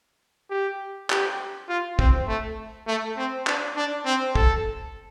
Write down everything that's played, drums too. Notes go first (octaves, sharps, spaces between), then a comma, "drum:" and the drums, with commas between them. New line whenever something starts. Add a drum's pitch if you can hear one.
G4
G4, drum: clap
F4
C4, drum: kick
A3
A3
C4
D4, drum: clap
D4
C4
A4, drum: kick